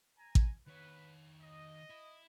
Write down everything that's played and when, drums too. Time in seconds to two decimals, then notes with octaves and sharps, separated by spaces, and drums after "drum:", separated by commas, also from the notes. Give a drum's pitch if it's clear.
0.18 G#5 A#5
0.35 drum: kick A1
0.67 D#3 B4 C#5
1.41 D#5
1.90 E4